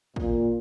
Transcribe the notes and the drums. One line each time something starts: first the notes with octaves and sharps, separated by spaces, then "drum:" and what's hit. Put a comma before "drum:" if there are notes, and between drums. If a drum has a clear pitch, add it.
A#2, drum: kick